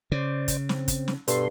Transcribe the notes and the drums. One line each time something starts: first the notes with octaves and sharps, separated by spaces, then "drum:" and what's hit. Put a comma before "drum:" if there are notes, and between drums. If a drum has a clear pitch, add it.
C#3 C5 D5
drum: kick, hi-hat
C4, drum: snare
drum: kick, hi-hat
drum: snare
G2 B2 A4 C6, drum: hi-hat